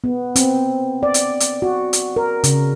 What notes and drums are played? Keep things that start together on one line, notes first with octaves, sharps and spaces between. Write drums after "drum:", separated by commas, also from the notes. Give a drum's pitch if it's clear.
B3
C4, drum: hi-hat
D5
drum: hi-hat
drum: hi-hat
F#4
drum: hi-hat
A#4
C#3, drum: hi-hat